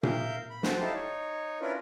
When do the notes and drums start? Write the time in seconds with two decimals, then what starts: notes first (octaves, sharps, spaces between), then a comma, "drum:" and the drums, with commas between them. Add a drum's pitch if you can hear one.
0.03 A#4 E5 F5 G6, drum: tom A#2
0.50 B5
0.63 F#4 A4 C5 G5, drum: snare
0.80 D#4 E4 G4 A4 F5 A5
0.94 D#4 C#5
1.61 C#4 D4 E4 F4 A#4 B4